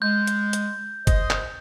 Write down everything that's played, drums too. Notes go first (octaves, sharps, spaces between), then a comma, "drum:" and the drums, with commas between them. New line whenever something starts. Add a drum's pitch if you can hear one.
G#3 G6
drum: hi-hat
drum: hi-hat
C5 D#5, drum: kick, hi-hat
drum: clap